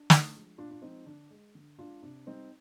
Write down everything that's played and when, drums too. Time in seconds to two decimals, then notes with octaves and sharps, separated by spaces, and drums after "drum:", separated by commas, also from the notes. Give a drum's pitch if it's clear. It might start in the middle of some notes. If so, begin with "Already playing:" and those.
Already playing: D4
0.10 D3, drum: snare
0.34 F3 G#3
0.58 A#2 D4 F4
0.71 D4
0.82 F3 G#3 C4 D#4
1.06 D3 D4
1.31 G#3
1.55 D3
1.78 G#3 D4 F4
2.03 C3 D4
2.27 G3 C4 D#4